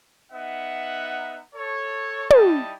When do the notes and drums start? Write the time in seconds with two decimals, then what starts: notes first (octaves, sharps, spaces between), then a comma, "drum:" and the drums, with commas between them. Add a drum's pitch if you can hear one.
0.32 B3 D#4 E5 F#5
1.55 A4 C#5
2.30 G3 D#4 E4 G5 A5 D#6, drum: tom